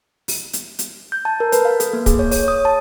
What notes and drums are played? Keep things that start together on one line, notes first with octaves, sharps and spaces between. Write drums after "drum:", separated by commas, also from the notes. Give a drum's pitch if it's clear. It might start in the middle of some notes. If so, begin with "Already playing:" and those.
drum: open hi-hat
drum: hi-hat
drum: hi-hat
G6
A5
A#4
B4, drum: hi-hat
F5
A4, drum: hi-hat
A#3
G#4, drum: kick, hi-hat
C#5
C#5, drum: open hi-hat
D#6
A5